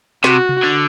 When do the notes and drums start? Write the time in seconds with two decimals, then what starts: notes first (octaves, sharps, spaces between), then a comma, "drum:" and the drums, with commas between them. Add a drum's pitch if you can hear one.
0.24 C3 F#4, drum: snare
0.49 drum: tom C3
0.63 D3